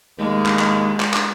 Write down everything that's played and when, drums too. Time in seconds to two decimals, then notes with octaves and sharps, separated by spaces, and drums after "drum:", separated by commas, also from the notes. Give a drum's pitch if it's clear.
0.19 D#2 G#3
0.46 drum: clap
0.59 drum: clap
1.00 drum: clap
1.13 drum: clap